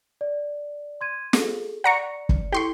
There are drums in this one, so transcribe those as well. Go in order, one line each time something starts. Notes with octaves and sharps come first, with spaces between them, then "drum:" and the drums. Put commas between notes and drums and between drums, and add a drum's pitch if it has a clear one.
D5
C6 G#6 D#7
G#4 A4, drum: snare
D5 F#5 A#5 C#6 C#7
drum: kick
E4 G4 A4 C6 C#6 G7